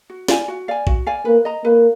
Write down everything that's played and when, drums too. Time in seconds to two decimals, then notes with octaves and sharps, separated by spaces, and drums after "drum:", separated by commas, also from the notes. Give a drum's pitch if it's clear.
0.10 F#4
0.28 D5 F5 G#5, drum: snare
0.48 F#4
0.68 D5 F5 G#5
0.87 F#4, drum: kick A#1
1.07 D5 F5 G#5
1.25 A#3 B4
1.45 D#5 A#5
1.64 A#3 B4